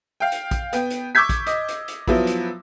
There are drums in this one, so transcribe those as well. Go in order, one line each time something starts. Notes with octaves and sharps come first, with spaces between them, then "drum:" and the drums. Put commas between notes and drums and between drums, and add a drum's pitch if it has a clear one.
F5 G5
drum: hi-hat
drum: kick, hi-hat
B3 G5, drum: hi-hat
drum: hi-hat
C#6 D6 E6 G6 G#6 B6
drum: kick, hi-hat
D#5, drum: hi-hat
drum: hi-hat
drum: hi-hat
F3 F#3 B3 E4, drum: kick
drum: hi-hat